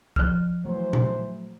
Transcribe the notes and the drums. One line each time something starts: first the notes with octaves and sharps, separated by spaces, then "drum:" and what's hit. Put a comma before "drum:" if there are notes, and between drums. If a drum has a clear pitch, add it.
F3 F6, drum: kick
E3 F#3 A3 C5
drum: tom A#2